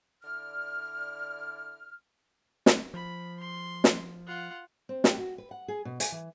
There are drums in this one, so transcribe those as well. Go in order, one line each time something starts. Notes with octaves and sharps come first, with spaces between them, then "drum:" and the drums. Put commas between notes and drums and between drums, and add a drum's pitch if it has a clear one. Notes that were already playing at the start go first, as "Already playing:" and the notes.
D3 E4 D5 F6
drum: snare
F3 B5
C6
drum: snare
F4 F#5
C4
G4, drum: snare
F#4
B4
F#5
G#4
B2
G#5, drum: hi-hat
E3